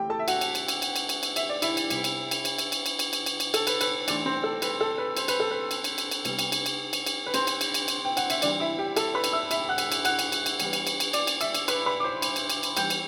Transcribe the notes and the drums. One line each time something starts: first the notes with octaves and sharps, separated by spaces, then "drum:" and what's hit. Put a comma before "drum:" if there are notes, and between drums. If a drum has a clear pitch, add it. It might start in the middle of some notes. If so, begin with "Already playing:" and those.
Already playing: E3 A3 C4 G4 G5
A4 A5
E5
F#4 F#5, drum: cymbal
drum: cymbal
drum: cymbal
drum: cymbal
drum: cymbal
drum: cymbal
drum: cymbal
drum: cymbal
E5, drum: cymbal
D5
E4 E5, drum: cymbal
drum: cymbal
C3 G3 B3, drum: cymbal
drum: cymbal
drum: cymbal
drum: cymbal
drum: cymbal
drum: cymbal
drum: cymbal
drum: cymbal
drum: cymbal
drum: cymbal
drum: cymbal
A4, drum: cymbal
B4, drum: cymbal
B4, drum: cymbal
E3 A3 C4 D4 D5, drum: cymbal
C4 C5
A4
B4, drum: cymbal
A4
B4
C5, drum: cymbal
B4, drum: cymbal
A4
B4
drum: cymbal
drum: cymbal
drum: cymbal
drum: cymbal
C3 G3 B3, drum: cymbal
drum: cymbal
drum: cymbal
drum: cymbal
drum: cymbal
drum: cymbal
B4
C4 C5, drum: cymbal
drum: cymbal
drum: cymbal
drum: cymbal
drum: cymbal
G5
F#5, drum: cymbal
E5, drum: cymbal
E3 G3 C4 D4 D5, drum: cymbal
E4 E5
G4 G5
A4 A5, drum: cymbal
B4 B5
drum: cymbal
E5 E6
E5 E6, drum: cymbal
F#5 F#6
drum: cymbal
drum: cymbal
F#5 F#6, drum: cymbal
drum: cymbal
drum: cymbal
drum: cymbal
E3 G3 B3, drum: cymbal
drum: cymbal
drum: cymbal
drum: cymbal
D5 D6, drum: cymbal
drum: cymbal
E5 E6, drum: cymbal
drum: cymbal
B4 B5, drum: cymbal
B4 B5
D6
C5 C6
drum: cymbal
drum: cymbal
drum: cymbal
drum: cymbal
E3 G3 B3 G5 G6, drum: cymbal
drum: cymbal